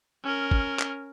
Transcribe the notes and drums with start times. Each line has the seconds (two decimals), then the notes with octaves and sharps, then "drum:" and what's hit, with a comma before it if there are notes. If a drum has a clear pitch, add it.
0.24 C#4 A#4
0.51 drum: kick
0.79 drum: clap